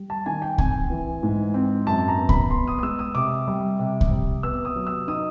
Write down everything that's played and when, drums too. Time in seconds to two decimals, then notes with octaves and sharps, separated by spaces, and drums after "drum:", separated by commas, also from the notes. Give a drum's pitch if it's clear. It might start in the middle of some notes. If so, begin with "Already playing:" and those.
Already playing: G3
0.10 A5
0.26 D#3 G#5
0.42 G5
0.58 C4 G#5, drum: kick C2
0.90 E3
1.23 G#2
1.54 C4
1.87 F#2 A5
2.08 A#5
2.18 B3
2.29 B5, drum: kick C2
2.50 B3 C6
2.67 D#6
2.79 D#6
2.83 G#3 E6
2.99 D#6
3.15 C3 D6
3.48 G3
3.79 C3
4.01 drum: kick C2
4.11 C3
4.43 B3 E6
4.65 D#6
4.76 F#3
4.87 E6
5.08 D#4 D#6